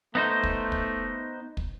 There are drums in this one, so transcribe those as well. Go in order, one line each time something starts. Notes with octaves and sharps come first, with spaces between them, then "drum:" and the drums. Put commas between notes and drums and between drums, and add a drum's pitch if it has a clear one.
A3 B3 D#4 C5
drum: kick
drum: kick
drum: kick